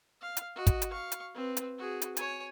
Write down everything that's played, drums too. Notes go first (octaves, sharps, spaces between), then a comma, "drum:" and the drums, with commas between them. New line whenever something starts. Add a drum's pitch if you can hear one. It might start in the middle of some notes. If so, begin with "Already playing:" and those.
F5
drum: hi-hat
F#4 D#5
drum: kick, hi-hat
drum: hi-hat
F5 C#6
drum: hi-hat
C4 B4
drum: hi-hat
F#4 G#4
drum: hi-hat
C#5 G#5, drum: hi-hat